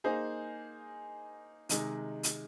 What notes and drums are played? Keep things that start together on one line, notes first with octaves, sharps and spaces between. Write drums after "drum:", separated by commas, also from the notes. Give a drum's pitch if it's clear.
A#3 D#4 G#4 C5
C3 D#3 G#3 D#4, drum: hi-hat
drum: hi-hat